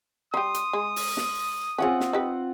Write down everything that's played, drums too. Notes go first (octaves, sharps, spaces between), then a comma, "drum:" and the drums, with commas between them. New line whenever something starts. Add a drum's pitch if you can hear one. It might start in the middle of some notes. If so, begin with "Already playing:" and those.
G3 G4 C6 D#6
drum: hi-hat
G#3
drum: open hi-hat
drum: snare
C4 C#4 F4 G#4 F#5
drum: snare
D#4 G4 B4